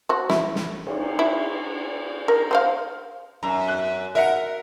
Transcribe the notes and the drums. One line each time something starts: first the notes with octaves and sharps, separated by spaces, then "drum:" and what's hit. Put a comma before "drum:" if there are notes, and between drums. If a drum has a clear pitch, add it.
F#4 C5
E4, drum: snare
drum: snare
drum: cymbal
E4
A#4
C4 C5 F5
F#2 A#5
F#6
A#4 E5 F#5